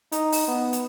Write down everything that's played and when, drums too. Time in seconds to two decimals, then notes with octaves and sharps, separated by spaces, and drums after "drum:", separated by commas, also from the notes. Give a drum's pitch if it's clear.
0.12 D#4, drum: hi-hat
0.32 drum: open hi-hat
0.48 B3
0.73 drum: hi-hat